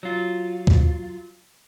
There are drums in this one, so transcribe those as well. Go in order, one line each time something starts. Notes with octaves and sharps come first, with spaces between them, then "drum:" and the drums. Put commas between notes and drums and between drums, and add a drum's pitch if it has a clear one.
F#3 F4
drum: kick D2